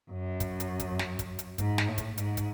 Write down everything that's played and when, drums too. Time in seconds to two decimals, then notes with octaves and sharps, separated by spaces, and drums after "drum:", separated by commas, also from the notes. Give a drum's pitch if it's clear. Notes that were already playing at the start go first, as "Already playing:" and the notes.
0.11 F#2
0.40 drum: kick, hi-hat
0.60 drum: hi-hat
0.80 drum: kick, hi-hat
0.99 drum: snare
1.19 drum: kick, hi-hat
1.39 drum: hi-hat
1.58 G#2, drum: kick, hi-hat
1.78 drum: snare
1.88 A2
1.98 drum: kick, hi-hat
2.18 G#2, drum: hi-hat
2.37 drum: kick, hi-hat